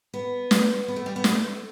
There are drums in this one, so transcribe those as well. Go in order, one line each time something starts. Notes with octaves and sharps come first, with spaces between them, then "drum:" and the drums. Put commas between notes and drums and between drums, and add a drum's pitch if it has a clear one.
B3
drum: snare
B3
A3
G3
B3
A3, drum: snare